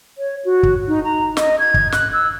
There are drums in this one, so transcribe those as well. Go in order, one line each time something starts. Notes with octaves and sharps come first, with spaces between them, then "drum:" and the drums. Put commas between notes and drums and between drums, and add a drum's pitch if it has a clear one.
C#5
F#4
drum: kick
D#4
A#5
D#5, drum: snare
G#6
drum: kick
F#6, drum: snare
E6